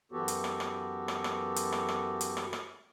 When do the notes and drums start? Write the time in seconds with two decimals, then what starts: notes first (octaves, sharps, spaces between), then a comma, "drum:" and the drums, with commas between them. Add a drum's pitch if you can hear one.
0.12 F#2 E3 B3 F#4 G4 A4
0.28 drum: hi-hat
0.44 drum: rim click
0.60 drum: rim click
1.08 drum: rim click
1.24 drum: rim click
1.56 drum: hi-hat
1.72 drum: rim click
1.88 drum: rim click
2.21 drum: hi-hat
2.37 drum: rim click
2.53 drum: rim click